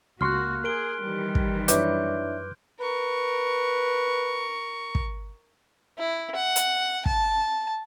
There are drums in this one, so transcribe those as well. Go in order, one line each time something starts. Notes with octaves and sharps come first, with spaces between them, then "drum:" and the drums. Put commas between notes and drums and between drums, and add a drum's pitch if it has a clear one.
C#2 A#3 F#4 C6 C#6 F6 F#6
G#4 A#4 C6 D7 G7
D#3 E3 G3
drum: kick
F#2 D4 E4 B4 C#5 D6 G6, drum: hi-hat
A#4 B4 C#6
drum: kick
E4
F#5
drum: hi-hat
A5, drum: kick